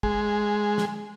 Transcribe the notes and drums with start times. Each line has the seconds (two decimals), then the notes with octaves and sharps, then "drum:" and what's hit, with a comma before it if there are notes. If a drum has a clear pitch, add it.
0.03 G#3, drum: kick
0.78 drum: snare